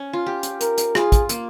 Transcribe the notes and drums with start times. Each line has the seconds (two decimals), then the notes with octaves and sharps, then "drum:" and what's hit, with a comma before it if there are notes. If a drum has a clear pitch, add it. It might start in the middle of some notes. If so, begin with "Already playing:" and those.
Already playing: C#4
0.13 F4
0.26 G4
0.43 drum: hi-hat
0.61 A#4, drum: hi-hat
0.78 drum: hi-hat
0.95 F4 G#4, drum: rim click
1.12 drum: kick, hi-hat
1.29 A#3, drum: hi-hat